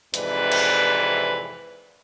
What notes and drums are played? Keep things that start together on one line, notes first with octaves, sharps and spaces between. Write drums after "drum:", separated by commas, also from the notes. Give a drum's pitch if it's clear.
F2 G#2 C3 E3 B4 D5, drum: hi-hat
drum: cymbal